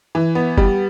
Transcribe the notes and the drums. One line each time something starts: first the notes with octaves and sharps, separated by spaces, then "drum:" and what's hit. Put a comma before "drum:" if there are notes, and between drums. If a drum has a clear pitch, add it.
E3
B3
G3, drum: kick F#1